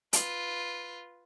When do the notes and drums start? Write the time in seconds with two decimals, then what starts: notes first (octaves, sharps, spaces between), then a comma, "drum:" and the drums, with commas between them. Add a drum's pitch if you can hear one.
0.13 F4 B4, drum: hi-hat